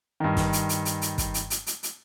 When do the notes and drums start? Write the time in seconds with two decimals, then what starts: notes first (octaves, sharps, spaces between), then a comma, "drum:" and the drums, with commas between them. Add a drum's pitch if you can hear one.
0.20 G2 D#3
0.37 drum: snare
0.53 drum: hi-hat
0.69 drum: hi-hat
0.85 drum: hi-hat
1.02 drum: hi-hat
1.18 drum: kick, hi-hat
1.34 drum: hi-hat
1.50 drum: hi-hat
1.67 drum: hi-hat
1.83 drum: hi-hat